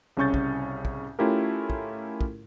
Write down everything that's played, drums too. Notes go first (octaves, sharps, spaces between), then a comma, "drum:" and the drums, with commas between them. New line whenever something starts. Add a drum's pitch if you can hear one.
C2 C#3 C#4 C#6 G6 A6
drum: kick
drum: kick
A3 C#4 E4 F4 G4 A#4
drum: kick
drum: kick